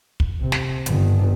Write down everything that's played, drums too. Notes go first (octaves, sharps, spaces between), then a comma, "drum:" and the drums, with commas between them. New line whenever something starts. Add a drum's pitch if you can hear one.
drum: kick
C3
drum: snare
G1 D#3, drum: hi-hat